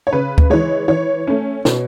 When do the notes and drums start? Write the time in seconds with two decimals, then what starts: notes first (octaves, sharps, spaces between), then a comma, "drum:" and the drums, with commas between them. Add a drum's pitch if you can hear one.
0.07 C#5
0.13 C#3 B4
0.38 drum: kick D2
0.50 E3 G#3 C#5
0.88 E3 C#5
1.27 A3 C#4
1.65 B2, drum: snare